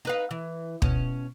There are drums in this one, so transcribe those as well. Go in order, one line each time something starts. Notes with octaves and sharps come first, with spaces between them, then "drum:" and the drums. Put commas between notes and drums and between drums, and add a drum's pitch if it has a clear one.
D#4 B4 F5
E3
B2 C#4, drum: kick